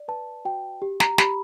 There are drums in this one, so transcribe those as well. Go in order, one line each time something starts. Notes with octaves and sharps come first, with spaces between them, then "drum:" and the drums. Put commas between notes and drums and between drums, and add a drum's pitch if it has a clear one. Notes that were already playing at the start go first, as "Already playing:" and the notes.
Already playing: D5
B4 A5
F#4 G5
G4
A#5, drum: snare
G4 B5, drum: snare